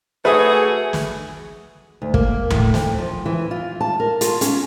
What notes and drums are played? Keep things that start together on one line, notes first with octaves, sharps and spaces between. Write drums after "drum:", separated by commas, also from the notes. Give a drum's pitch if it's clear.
A3 F#4 G#4 B4 E5 D#6
drum: snare
D2
A#3, drum: kick
A2, drum: tom D2
F2, drum: snare
F3
E3
F4
A5
A#4
F4, drum: hi-hat
C#4, drum: hi-hat